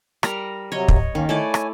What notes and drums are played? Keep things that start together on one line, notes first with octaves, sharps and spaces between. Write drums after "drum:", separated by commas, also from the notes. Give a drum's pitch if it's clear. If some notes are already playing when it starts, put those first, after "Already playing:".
G3 A#4 A#5, drum: rim click
C3 F#3 C#5 D#5
drum: kick
D#3 A#3 C#4
A3 E4 C#5 D5 G#5
drum: rim click